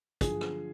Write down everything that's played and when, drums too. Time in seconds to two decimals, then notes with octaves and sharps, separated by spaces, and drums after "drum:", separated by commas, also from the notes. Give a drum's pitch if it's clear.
0.21 D3 F3 G#4, drum: kick, hi-hat
0.41 drum: rim click